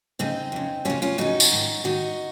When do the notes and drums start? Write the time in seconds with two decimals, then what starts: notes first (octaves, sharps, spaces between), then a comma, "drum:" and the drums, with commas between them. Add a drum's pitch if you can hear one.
0.19 F2 C#3 C4 D#4
0.52 F2 C#3
0.85 F2 C#3 C#4 F4
1.02 C#4 F4
1.18 F2 C#3 D#4 F#4
1.40 drum: tambourine
1.51 G#2 D#3
1.84 G#2 D#3 D#4 F#4